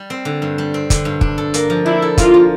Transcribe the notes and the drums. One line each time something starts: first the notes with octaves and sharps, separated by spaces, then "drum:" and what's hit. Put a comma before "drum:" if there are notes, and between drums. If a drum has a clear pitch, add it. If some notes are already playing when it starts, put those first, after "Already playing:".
Already playing: G3
C4
D3
G2
G3
C4
D3, drum: kick, hi-hat
G2
D4, drum: kick
A4
A#3, drum: hi-hat
F3
D4 E4
A4
A#3 F4, drum: kick, hi-hat
F3